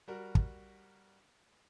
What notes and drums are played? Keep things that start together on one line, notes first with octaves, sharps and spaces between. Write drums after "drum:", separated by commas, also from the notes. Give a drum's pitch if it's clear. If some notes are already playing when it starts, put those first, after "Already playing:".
G3 F#4 A#4
drum: kick